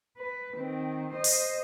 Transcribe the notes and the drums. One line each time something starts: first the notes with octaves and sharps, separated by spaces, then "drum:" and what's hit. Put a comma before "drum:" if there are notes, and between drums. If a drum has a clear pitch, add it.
B4
D#3 C4
C5 D#5
drum: open hi-hat